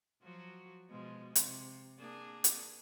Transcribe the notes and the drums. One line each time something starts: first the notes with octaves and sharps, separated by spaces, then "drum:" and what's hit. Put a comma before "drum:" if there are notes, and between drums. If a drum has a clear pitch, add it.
F3 F#3 F#4
B2 F3 G#3
C3, drum: hi-hat
A#3 D4 G#4
drum: hi-hat